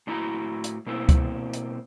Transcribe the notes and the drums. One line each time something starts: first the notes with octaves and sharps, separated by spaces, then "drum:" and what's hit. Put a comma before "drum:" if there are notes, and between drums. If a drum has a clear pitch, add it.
A2 D4 E4 F#4 A#5
drum: hi-hat
B2 A#3 C4 E4
drum: kick C#2, hi-hat
drum: hi-hat